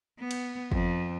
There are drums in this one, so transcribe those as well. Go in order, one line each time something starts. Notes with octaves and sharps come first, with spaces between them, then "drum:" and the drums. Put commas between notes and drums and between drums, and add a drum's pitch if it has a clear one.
B3
drum: cymbal
F2, drum: kick